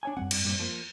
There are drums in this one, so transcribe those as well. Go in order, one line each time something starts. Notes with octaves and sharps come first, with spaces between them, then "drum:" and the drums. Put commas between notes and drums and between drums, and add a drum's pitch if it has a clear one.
D4 C#5 G#5
F#2 G3 C4 F#5
G2, drum: cymbal
G2 A#2 F3
F3 A#3